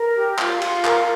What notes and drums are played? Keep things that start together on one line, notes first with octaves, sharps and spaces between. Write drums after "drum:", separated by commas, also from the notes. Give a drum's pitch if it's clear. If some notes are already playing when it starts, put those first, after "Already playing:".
Already playing: A#4
G4
F4, drum: clap
F4, drum: cymbal
A#4, drum: clap